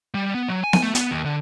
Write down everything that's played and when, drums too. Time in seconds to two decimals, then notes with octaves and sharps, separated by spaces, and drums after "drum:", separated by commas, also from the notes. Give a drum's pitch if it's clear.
0.14 G3
0.34 B3
0.48 F#3
0.64 G#5
0.73 drum: snare B3
0.83 A3
0.95 B3, drum: hi-hat
1.11 D#2
1.25 D3